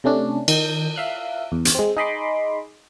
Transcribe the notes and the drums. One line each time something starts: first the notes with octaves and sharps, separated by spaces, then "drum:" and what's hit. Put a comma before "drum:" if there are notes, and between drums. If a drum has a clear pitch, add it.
C3 A3 C#4 D4
D#3 G6, drum: cymbal
E5 F5 F#6
E2
drum: hi-hat
G#3 C4
D#4 G#4 D#5 B5 C6 D6